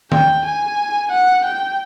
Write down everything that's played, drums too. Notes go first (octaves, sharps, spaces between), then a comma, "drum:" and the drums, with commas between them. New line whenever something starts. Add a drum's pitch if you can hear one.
G5, drum: tom D#3
G#5
F#5
G5